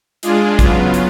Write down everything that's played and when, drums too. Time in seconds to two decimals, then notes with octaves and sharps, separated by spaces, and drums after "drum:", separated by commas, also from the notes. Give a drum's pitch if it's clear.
0.23 G#3 D4 F4 G#4, drum: hi-hat
0.59 C#3 F#3 B3 F4, drum: kick, hi-hat
0.94 drum: hi-hat